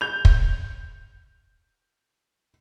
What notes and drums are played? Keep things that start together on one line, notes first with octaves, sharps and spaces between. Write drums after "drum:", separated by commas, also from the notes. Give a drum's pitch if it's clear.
G6 F7
drum: kick